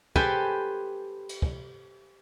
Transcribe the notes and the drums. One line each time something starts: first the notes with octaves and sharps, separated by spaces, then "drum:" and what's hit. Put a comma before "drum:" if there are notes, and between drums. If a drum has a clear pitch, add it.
G4 A4 B4 C5 G5 G#5, drum: kick
drum: cymbal
drum: kick